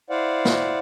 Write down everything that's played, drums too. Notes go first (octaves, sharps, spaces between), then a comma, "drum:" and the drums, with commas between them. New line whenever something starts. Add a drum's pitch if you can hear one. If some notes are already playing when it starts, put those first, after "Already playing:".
E4 C5 D5 F5 F#5
drum: snare